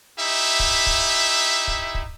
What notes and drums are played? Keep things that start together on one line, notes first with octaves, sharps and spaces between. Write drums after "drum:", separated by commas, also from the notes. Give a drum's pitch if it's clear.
D#4 E4 G4 E5
drum: kick
drum: kick
drum: kick
drum: kick